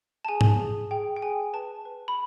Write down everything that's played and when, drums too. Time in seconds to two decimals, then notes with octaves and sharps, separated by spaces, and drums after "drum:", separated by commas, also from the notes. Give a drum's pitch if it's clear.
0.25 A5
0.28 G#4 G#5
0.41 drum: tom G#2
0.60 G#4
0.91 G#4 G5
1.16 G5
1.22 G#4 G#5
1.53 B4 A5
1.85 B4
2.08 B5